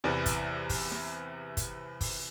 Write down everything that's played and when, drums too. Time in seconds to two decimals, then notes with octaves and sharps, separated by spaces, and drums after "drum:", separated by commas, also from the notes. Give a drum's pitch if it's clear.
0.04 E2 C3 E3 D5
0.26 drum: kick, hi-hat
0.69 drum: kick, open hi-hat
0.91 drum: snare
1.57 drum: kick, hi-hat
2.01 drum: kick, open hi-hat